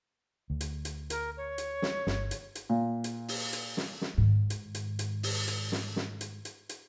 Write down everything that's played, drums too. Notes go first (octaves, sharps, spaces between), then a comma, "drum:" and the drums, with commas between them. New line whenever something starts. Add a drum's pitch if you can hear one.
D2
drum: hi-hat
drum: hi-hat
A#4, drum: hi-hat
C#5
drum: hi-hat
drum: snare
G1, drum: snare
drum: hi-hat
drum: hi-hat
A#2
drum: hi-hat
drum: open hi-hat
drum: hi-hat
drum: snare
drum: snare
G#2 D#3
drum: hi-hat
drum: hi-hat
drum: hi-hat
drum: open hi-hat
drum: hi-hat
drum: snare
drum: snare
drum: hi-hat
drum: hi-hat
drum: hi-hat